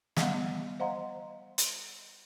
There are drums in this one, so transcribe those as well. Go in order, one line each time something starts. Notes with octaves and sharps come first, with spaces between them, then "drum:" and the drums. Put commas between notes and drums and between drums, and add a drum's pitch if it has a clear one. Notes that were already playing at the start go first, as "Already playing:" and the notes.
G3 B3 D#5 F5 F#5, drum: snare
C5 D#5 F5 F#5 A#5 C6
drum: hi-hat